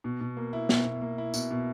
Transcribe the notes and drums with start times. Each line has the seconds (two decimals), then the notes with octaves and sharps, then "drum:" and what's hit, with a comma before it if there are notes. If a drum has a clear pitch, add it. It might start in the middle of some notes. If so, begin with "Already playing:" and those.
0.04 B2
0.21 B2
0.37 A#3
0.53 E4
0.69 B2, drum: snare
0.85 B2
1.01 A#3
1.18 E4
1.34 B2, drum: tambourine
1.51 B2